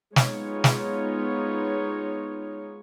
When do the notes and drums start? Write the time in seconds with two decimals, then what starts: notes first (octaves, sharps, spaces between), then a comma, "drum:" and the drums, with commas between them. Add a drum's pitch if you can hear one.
0.16 G#3 B3 D#4 F4 C#5, drum: snare
0.64 drum: snare